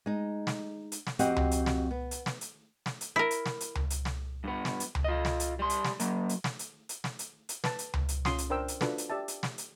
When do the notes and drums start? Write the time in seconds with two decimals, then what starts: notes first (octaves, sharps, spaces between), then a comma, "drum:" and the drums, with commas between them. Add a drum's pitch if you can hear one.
0.06 G#3 D#4
0.47 drum: snare
0.92 drum: hi-hat
1.07 drum: snare
1.19 F2 C4 F#4 G4 D#5 F#5, drum: hi-hat
1.36 drum: tom C#2
1.51 drum: hi-hat
1.66 drum: snare
1.91 B3
2.11 drum: hi-hat
2.26 drum: snare
2.41 drum: hi-hat
2.86 drum: snare
3.01 drum: hi-hat
3.16 E4 A#4
3.31 drum: hi-hat
3.46 drum: snare
3.61 drum: hi-hat
3.75 drum: tom C#2
3.90 drum: hi-hat
4.05 drum: snare
4.44 G2 B3
4.65 drum: snare
4.80 drum: hi-hat
4.95 drum: tom C#2
5.04 F4 D#5
5.25 drum: snare
5.40 drum: hi-hat
5.59 G3 C6
5.70 drum: hi-hat
5.85 drum: snare
6.00 F#3 A#3, drum: hi-hat
6.29 drum: hi-hat
6.44 drum: snare
6.59 drum: hi-hat
6.89 drum: hi-hat
7.04 drum: snare
7.19 drum: hi-hat
7.49 drum: hi-hat
7.64 B4 A5, drum: snare
7.79 drum: hi-hat
7.94 drum: tom C#2
8.09 drum: hi-hat
8.25 C#4 F4 C6 D#6, drum: snare
8.38 drum: hi-hat
8.50 D4 A#4 C5 G5 C6 E6
8.68 drum: hi-hat
8.81 D4 F4 F#4 A4 B4, drum: snare
8.98 drum: hi-hat
9.10 G4 D5 E5 A5
9.28 drum: hi-hat
9.43 drum: snare
9.58 drum: hi-hat